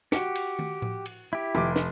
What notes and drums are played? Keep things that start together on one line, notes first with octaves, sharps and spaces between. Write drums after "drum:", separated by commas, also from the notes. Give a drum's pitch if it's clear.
F#4 G4 C#7, drum: snare
drum: cymbal
drum: tom D#3
drum: tom A2
drum: cymbal
E4 G4
F1 D6, drum: tom D#3
drum: snare